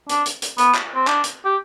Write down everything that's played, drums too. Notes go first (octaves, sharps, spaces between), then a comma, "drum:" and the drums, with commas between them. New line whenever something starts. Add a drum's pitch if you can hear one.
D4, drum: hi-hat
drum: hi-hat
drum: hi-hat
B3, drum: hi-hat
drum: clap
C4
D4, drum: clap
drum: hi-hat
G4